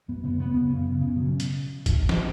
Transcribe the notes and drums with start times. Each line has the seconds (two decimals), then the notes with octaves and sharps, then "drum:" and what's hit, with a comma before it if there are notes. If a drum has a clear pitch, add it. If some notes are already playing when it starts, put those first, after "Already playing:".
0.08 F#2 B3
0.24 C#3 B3
0.39 C#3 B3
0.54 F#2 B3
0.70 C#3
0.86 C#3
1.01 C#3
1.16 B2 F#3
1.40 drum: hi-hat
1.86 drum: kick, hi-hat
2.09 drum: snare